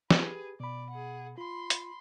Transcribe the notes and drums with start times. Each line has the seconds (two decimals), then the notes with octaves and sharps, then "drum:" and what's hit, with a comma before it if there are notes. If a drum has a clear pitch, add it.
0.11 G4 G#4 B4, drum: snare
0.60 B2 D5 B5
0.90 G#4 F#5
1.38 F4 B5 C6
1.70 drum: hi-hat